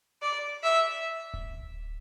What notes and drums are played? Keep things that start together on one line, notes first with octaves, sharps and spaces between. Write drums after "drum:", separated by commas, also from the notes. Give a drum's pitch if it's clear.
D5
E5
drum: kick D1